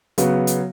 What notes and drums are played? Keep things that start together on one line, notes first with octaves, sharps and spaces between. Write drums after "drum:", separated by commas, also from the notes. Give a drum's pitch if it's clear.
C#3 F#3 B3, drum: hi-hat
drum: hi-hat